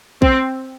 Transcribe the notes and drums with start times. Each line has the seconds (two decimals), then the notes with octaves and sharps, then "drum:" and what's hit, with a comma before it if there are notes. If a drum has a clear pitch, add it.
0.22 C4, drum: kick A#1